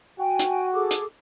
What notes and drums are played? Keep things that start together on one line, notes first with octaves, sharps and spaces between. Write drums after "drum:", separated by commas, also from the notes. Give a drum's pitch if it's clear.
F#4 G5 G#5
drum: hi-hat
G#4 A4 D6
drum: hi-hat